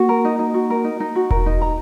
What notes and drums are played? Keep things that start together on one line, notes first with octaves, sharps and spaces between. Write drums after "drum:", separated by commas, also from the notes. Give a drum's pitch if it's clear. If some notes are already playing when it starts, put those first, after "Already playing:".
Already playing: A#3 F#4
A#4
D#4
D#4
F#4
A#4
D#4
D#4
F#4
A#4, drum: kick E1
D#4
A#5